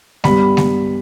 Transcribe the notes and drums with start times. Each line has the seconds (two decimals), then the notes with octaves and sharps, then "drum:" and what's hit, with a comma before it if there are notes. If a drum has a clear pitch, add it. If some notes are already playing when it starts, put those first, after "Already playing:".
0.24 G2 G3 B3 B5, drum: snare G#3
0.57 drum: snare G#3